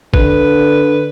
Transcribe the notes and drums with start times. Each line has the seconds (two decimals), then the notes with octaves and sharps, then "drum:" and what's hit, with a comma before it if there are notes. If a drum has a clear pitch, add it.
0.14 D3 B4, drum: kick G#1